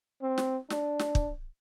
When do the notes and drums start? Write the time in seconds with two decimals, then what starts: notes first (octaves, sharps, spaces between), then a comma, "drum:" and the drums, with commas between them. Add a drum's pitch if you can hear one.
0.22 C4
0.38 drum: snare
0.70 D4, drum: snare
0.99 drum: snare
1.15 drum: kick